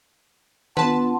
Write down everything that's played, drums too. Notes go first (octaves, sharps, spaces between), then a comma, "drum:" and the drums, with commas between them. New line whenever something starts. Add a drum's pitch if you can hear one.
B3 D4 F4 B4 A5, drum: tom D#3